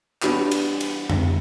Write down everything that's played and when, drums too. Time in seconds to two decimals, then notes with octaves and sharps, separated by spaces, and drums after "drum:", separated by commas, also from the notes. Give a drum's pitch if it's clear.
0.23 E3 G3 B3 D4 B5, drum: clap
0.51 drum: cymbal
0.81 drum: cymbal
1.10 drum: tom F2